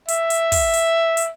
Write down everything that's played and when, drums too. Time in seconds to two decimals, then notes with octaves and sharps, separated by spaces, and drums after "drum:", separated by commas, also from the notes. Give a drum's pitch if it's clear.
0.08 E5, drum: hi-hat
0.30 drum: hi-hat
0.52 drum: kick, open hi-hat
0.73 drum: hi-hat
1.17 drum: hi-hat